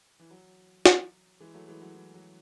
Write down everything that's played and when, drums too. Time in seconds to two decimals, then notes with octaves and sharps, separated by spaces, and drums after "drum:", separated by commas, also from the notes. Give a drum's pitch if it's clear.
0.19 E3
0.31 F#3
0.86 drum: snare
1.40 E3 G#3
1.54 F#3 A3
1.68 E3 G#3
1.82 F#3
1.95 E3
2.14 F#3